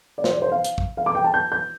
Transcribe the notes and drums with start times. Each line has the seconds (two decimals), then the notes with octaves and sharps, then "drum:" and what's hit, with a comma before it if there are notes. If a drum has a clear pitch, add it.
0.18 D5
0.24 C5, drum: snare
0.33 D5
0.42 C5
0.52 F5
0.64 drum: hi-hat
0.78 drum: kick
0.97 F5
1.06 D6
1.15 G5
1.24 A5
1.34 G6
1.52 G6